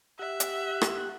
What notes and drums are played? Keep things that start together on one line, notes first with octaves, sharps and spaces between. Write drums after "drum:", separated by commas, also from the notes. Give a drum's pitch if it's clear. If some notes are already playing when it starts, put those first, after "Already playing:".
G4 E5 F#5 F#6
drum: hi-hat
drum: rim click